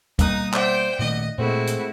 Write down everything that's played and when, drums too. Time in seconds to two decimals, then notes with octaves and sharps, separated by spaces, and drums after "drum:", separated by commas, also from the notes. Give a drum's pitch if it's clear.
0.19 B2 G3 A#3 D#4 F5 A#5 D#6 F#6, drum: kick, hi-hat
0.53 C5 D5 E5 F#5 G5, drum: clap
0.99 A#2 D#3 A3 D#5
1.38 A#2 G#3 A3 C4 E4 F#4
1.67 drum: hi-hat